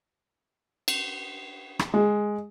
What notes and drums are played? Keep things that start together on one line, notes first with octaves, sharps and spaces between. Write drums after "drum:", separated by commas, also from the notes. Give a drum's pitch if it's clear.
drum: cymbal
drum: rim click
G#3